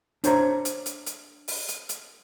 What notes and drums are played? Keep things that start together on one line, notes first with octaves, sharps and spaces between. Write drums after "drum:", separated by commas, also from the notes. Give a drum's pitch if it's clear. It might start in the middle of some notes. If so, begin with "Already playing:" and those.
D4 C5 C#5 A#5, drum: hi-hat
drum: hi-hat
drum: hi-hat
drum: hi-hat
drum: open hi-hat
drum: hi-hat
drum: hi-hat